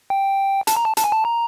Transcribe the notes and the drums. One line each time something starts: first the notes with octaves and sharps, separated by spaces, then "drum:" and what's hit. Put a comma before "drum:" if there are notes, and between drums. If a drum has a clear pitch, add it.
G5
A5, drum: hi-hat
A#5
A5
A5, drum: hi-hat
G#5
A5
A#5